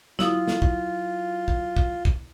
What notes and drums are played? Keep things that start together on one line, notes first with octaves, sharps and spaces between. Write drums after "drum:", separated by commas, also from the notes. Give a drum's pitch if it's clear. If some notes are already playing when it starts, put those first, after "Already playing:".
F#3 E4 F4 D#6, drum: snare
drum: snare
drum: kick
drum: kick
drum: kick
drum: kick